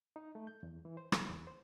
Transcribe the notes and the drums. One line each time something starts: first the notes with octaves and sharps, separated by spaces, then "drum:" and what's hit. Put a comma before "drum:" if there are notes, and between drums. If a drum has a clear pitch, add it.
D#4
A3
G6
E2
E3
C5
F#5, drum: rim click
E2
C5